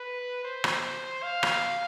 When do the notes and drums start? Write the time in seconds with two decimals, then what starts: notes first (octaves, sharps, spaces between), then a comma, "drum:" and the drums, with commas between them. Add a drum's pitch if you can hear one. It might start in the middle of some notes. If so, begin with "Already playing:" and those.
Already playing: B4
0.45 C5
0.64 drum: rim click
1.23 F5
1.43 drum: rim click